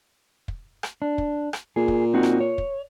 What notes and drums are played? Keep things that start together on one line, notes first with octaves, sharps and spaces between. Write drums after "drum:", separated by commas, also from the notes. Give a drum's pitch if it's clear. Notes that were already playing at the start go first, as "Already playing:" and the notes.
drum: kick
drum: rim click
D4
drum: kick
drum: rim click
A#2 G#4
drum: kick
C4 D#4 F#4
drum: rim click
C#5
drum: kick